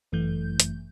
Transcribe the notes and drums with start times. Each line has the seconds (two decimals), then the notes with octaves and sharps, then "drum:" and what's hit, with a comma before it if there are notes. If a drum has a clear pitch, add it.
0.12 G1 F#2 E3 A3 G6
0.60 drum: hi-hat